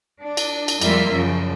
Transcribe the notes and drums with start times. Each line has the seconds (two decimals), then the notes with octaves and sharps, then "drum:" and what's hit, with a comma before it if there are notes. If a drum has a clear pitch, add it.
0.22 D4
0.37 drum: cymbal
0.68 drum: cymbal
0.81 F2 G3 G#3 A#3 F4 E5, drum: cymbal
1.10 F#2 C#3 F3